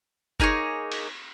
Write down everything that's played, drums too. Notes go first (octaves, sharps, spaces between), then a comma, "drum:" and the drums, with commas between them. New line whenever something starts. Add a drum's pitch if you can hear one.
A#3 D#4 G#4 C#5, drum: kick F#1
drum: cymbal